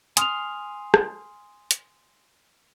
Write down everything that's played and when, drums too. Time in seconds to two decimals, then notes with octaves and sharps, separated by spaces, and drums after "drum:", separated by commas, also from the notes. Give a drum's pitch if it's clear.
0.17 G#5 C6 D#6 F6 F7, drum: hi-hat
0.94 drum: rim click
1.71 drum: hi-hat